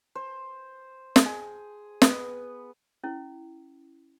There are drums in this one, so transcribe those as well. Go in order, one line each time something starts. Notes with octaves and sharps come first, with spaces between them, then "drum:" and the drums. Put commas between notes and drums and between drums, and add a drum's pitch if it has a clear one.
C5
drum: snare
G#4
B3, drum: snare
C#4 E4